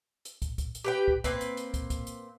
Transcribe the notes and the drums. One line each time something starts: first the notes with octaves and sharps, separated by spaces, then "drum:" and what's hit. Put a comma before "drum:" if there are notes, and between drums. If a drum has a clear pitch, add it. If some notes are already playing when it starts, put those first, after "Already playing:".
drum: hi-hat
drum: kick, hi-hat
drum: kick, hi-hat
drum: hi-hat
G4 B4 G5
drum: kick
A#3 C4 B4, drum: kick, hi-hat
drum: hi-hat
drum: hi-hat
drum: kick, hi-hat
drum: kick, hi-hat
drum: hi-hat